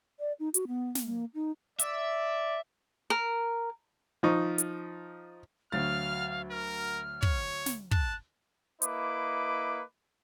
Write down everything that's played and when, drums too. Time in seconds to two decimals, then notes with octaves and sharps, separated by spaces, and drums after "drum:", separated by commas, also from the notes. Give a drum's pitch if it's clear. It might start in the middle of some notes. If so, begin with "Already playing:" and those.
0.20 D5
0.40 D#4
0.54 F#4, drum: hi-hat
0.68 B3
0.95 drum: snare
1.05 A#3
1.34 D#4
1.79 D5 E5, drum: hi-hat
3.10 A#4
4.23 F3 D#4 C#6
4.58 drum: hi-hat
5.72 D2 F#3 F5 F6 A6
6.51 A#4 F6
7.23 C#5, drum: kick
7.66 drum: snare
7.91 A5 F#6, drum: kick
8.82 A#3 E4 B4 D#5 D6, drum: hi-hat